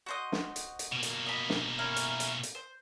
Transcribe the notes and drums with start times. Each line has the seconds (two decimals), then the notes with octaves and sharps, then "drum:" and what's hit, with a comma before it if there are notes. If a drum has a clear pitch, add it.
0.06 F#4 C5 D#5
0.32 drum: snare
0.56 drum: hi-hat
0.79 drum: hi-hat
0.92 B2 A#3
1.03 drum: hi-hat
1.26 D#5 B5
1.50 drum: snare
1.79 C#4 E4 A#4
1.96 drum: hi-hat
2.20 drum: hi-hat
2.43 drum: hi-hat
2.55 C5